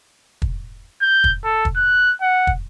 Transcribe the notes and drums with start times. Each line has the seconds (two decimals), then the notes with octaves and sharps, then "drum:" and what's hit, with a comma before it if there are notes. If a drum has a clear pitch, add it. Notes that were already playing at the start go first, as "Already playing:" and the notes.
0.42 drum: kick
1.02 G6
1.24 drum: kick
1.44 A4
1.65 drum: kick
1.76 F#6
2.21 F#5
2.47 drum: kick